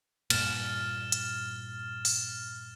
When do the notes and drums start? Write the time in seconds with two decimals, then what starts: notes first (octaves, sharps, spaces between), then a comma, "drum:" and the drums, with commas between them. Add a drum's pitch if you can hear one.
0.30 G2 A#2 F6 A6 E7, drum: cymbal
1.12 drum: hi-hat
2.05 drum: open hi-hat